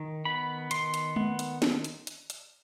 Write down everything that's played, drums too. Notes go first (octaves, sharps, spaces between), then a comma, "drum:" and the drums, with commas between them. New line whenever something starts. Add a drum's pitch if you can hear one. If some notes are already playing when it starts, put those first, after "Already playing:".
Already playing: D#3
B3 B5
D#3 C6, drum: hi-hat
drum: hi-hat
B3, drum: tom G#3
drum: hi-hat
drum: snare
drum: hi-hat
drum: hi-hat
drum: hi-hat